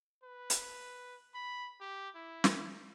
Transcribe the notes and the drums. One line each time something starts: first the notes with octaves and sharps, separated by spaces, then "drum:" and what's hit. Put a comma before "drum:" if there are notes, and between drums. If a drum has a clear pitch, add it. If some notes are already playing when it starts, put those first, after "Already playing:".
B4
drum: hi-hat
B5
G4
E4
drum: snare